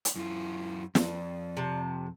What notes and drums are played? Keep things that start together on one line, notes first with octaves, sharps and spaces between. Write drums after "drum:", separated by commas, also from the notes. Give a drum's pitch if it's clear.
drum: hi-hat
F#2 E4 F4
F2 D5, drum: snare
C3 A5